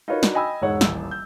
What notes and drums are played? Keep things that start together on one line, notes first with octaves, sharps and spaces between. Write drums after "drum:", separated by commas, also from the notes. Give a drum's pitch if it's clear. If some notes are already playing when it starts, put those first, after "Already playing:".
D#4 F4 F#4 A#4 B4 C#5
D4 D#4 F#4 B4, drum: snare
D#5 G5 G#5 B5 D#6 E6
E1 G#2 G#3 C#5 F#5
D#1 A1 E6, drum: snare
G6